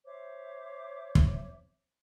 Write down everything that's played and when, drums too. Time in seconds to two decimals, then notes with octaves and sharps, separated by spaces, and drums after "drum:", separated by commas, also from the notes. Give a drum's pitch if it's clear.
0.06 C5 C#5 E5 D6
1.15 drum: kick